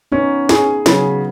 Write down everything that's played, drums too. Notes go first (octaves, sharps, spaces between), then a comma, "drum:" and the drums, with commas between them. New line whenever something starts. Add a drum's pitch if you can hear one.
B3 C#4 D#4
G#4, drum: snare
C#3 F#3 B3, drum: snare